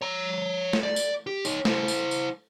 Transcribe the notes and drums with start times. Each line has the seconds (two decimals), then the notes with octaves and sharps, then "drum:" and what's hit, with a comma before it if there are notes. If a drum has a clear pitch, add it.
0.01 C#5 A#5
0.73 drum: snare
0.83 D5
0.96 drum: tambourine
1.27 G4
1.45 D#4 C#5, drum: tambourine
1.65 E4 C5, drum: snare
1.88 drum: tambourine
2.11 drum: tambourine